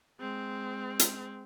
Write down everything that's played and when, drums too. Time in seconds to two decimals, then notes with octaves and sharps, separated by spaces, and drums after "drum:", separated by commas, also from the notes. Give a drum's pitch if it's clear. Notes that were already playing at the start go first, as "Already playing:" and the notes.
0.19 G#3 C4
0.99 drum: hi-hat